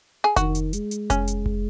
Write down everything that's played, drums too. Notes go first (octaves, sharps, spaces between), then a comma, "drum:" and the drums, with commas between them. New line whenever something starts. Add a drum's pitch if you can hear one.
G#4
D#3 F#4, drum: kick F1, hi-hat
drum: hi-hat
G#3, drum: hi-hat
drum: hi-hat
C#4, drum: kick F1, hi-hat
drum: hi-hat
drum: kick F1